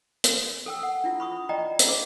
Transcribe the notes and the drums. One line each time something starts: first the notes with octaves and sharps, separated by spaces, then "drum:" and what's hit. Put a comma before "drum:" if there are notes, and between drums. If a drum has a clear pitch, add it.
drum: hi-hat
A4 G5 E6
F#5
D4 E4 F4
B5 C#6 D#6
D5 D#5 G5 A#5
drum: hi-hat
D4 D6